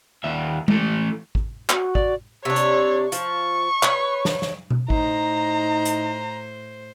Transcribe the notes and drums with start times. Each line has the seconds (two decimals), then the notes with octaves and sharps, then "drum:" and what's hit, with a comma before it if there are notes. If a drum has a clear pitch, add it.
0.24 D#2 E5
0.68 E3 A3, drum: tom G#3
1.35 drum: kick
1.69 F#4, drum: clap
1.95 D5, drum: kick
2.45 C3 D4 C#5
2.56 drum: hi-hat
3.12 F3 C#6, drum: hi-hat
3.83 B4 C#5, drum: clap
4.25 drum: snare
4.42 drum: snare
4.70 drum: tom B2
4.90 A2 D#4 C5 A#5, drum: kick
5.85 drum: hi-hat